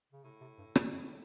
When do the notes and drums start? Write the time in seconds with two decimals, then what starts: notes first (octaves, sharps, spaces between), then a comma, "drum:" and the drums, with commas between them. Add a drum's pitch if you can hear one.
0.12 C#3
0.24 A2 C3
0.41 C3
0.58 G2
0.76 F#2, drum: rim click
0.92 F2 A2